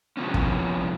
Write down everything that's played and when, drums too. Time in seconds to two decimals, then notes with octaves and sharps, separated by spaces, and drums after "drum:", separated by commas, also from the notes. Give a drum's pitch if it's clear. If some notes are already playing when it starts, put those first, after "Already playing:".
0.17 C3 F3 B3 C#4
0.34 drum: kick